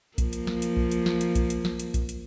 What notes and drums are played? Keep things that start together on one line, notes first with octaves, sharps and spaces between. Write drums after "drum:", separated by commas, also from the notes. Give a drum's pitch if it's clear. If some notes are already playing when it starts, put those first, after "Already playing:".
F3 A#3, drum: kick A#1, hi-hat
drum: hi-hat
drum: snare
drum: hi-hat
drum: kick A#1
drum: hi-hat
drum: snare
drum: hi-hat
drum: kick A#1, hi-hat
drum: hi-hat
drum: snare
drum: hi-hat
drum: kick A#1, hi-hat
drum: hi-hat